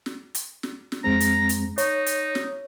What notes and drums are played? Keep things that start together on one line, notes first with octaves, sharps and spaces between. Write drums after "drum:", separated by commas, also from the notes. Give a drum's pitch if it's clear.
drum: snare
drum: hi-hat
drum: snare
drum: snare
F2 G#3 C4 A#5
drum: hi-hat
drum: hi-hat
D#4 C#5, drum: hi-hat
drum: hi-hat
drum: snare